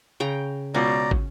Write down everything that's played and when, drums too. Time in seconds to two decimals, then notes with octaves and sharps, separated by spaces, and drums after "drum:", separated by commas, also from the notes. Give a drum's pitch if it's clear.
0.20 C#3 G5 A#5
0.74 C#2 B2 C#4 D5 A#5
1.11 drum: kick